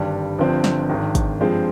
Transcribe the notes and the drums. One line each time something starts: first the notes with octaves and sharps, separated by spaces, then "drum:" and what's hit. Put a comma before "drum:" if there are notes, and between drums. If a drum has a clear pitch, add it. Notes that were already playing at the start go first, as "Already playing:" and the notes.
Already playing: G#1 G2 D3 G3
G1 G2 F3 C4
drum: snare
G#1 G#2 D#3
drum: kick, hi-hat
G2 F3 G#3 C4